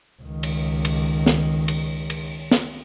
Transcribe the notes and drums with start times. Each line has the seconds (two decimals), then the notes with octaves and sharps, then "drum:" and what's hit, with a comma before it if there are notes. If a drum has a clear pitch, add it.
0.22 C#2 D#3
0.43 drum: cymbal
0.85 drum: cymbal
1.26 drum: snare
1.68 drum: cymbal
2.10 drum: cymbal
2.51 drum: snare